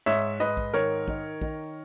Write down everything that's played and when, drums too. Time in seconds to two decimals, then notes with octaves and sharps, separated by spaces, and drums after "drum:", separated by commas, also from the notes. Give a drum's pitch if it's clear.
0.06 G#2 C#5 E5
0.40 G#2 B4 D#5
0.57 drum: kick
0.74 D#3 A#4 C#5
1.08 D#3, drum: kick
1.41 D#3, drum: kick